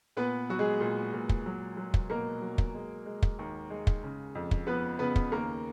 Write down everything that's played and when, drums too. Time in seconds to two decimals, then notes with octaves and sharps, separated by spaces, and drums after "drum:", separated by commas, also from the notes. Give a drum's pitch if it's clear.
0.17 A#2 B3 B4
0.49 F#3 F#4
0.59 G#3 G#4
0.80 A#2
1.14 A#2
1.29 drum: kick
1.46 F#3
1.77 F#3
1.94 drum: kick
2.10 B2 A#3 A#4
2.42 F#3
2.58 drum: kick
2.75 G#3
3.06 G#3
3.22 drum: kick
3.39 D#2
3.70 G#3
3.87 drum: kick
4.04 C#3
4.35 F2
4.51 drum: kick
4.67 F3 B3 B4
4.99 C#3 B3 B4
5.16 drum: kick
5.32 D#2 A#3 A#4